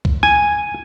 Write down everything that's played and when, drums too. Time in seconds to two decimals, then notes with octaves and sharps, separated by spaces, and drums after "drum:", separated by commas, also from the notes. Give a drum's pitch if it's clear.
0.05 drum: kick C2
0.23 G#5